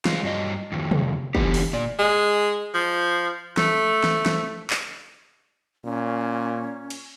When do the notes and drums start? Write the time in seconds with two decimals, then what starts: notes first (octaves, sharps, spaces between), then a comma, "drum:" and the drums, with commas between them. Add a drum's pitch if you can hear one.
0.05 G#3 F4, drum: snare
0.24 G2 F#3 D#5
0.72 F2 D#3
0.91 drum: tom C3
1.35 D3 E3 B3 G4, drum: kick
1.54 drum: open hi-hat
1.73 A#2 D5
1.99 G#3
2.74 F3
3.57 A3, drum: snare
4.04 drum: snare
4.26 drum: snare
4.70 drum: clap
5.85 A#2 C#4
6.90 drum: cymbal